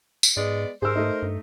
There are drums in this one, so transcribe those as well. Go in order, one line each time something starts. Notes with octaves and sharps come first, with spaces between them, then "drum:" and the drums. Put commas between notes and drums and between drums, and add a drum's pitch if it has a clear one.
drum: tambourine
G#2 G#3 B3 D5
G#2 G#4 A#4 C5 E6
A3 D#4
G2